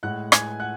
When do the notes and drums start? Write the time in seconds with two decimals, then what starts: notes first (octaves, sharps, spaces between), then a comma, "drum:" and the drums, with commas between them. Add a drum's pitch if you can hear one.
0.03 A2 G#3 F#5 F#6
0.32 G#5 G#6, drum: rim click
0.60 F#5 F#6